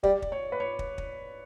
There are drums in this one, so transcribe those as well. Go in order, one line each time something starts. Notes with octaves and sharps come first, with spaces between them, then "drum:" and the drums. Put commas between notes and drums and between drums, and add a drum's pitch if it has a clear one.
G3 D5, drum: kick
drum: kick
C#5
B4
C#5
drum: kick
drum: kick